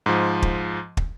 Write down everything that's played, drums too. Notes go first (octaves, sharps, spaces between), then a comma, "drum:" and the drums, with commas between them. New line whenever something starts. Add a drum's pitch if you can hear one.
G#2 F3
drum: kick
drum: kick